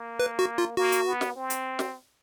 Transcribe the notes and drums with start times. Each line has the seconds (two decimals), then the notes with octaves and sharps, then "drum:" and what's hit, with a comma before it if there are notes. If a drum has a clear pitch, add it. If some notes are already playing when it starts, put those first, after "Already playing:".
Already playing: A#3
0.20 B4
0.39 F#4
0.58 F4
0.77 A#3 F#4
0.92 drum: hi-hat
1.06 B3
1.21 drum: snare
1.36 C4
1.50 drum: hi-hat
1.79 drum: snare